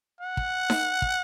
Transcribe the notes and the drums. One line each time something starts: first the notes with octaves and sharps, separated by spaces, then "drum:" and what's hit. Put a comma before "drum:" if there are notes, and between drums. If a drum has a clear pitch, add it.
F#5
drum: kick
drum: snare D#4
drum: kick